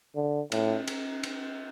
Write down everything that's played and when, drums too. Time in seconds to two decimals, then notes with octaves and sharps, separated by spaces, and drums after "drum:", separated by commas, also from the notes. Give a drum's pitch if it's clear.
0.16 D3
0.52 A2, drum: cymbal
0.87 drum: cymbal
1.23 drum: cymbal